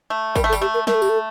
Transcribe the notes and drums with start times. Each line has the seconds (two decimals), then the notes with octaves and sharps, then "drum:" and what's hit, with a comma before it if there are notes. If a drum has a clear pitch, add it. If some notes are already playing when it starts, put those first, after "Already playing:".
0.10 A3
0.36 G3 A#4, drum: kick, tambourine
0.44 A3
0.49 A4
0.53 G3, drum: tambourine
0.61 A3 G4
0.74 A#4
0.87 A3 A#4, drum: snare
0.95 A4
1.02 G4, drum: tambourine
1.09 A4